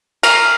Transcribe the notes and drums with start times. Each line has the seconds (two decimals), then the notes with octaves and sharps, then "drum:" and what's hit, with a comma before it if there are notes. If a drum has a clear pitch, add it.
0.23 A#4, drum: cymbal